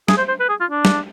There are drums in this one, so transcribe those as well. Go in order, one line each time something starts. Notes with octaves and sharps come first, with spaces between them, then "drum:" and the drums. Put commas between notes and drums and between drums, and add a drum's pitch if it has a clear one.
G#4, drum: snare
C5
C5
B4
G#4
F4
D4
drum: snare